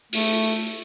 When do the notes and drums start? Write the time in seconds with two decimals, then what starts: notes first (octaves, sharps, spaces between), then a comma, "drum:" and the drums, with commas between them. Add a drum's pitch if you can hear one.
0.13 A3, drum: open hi-hat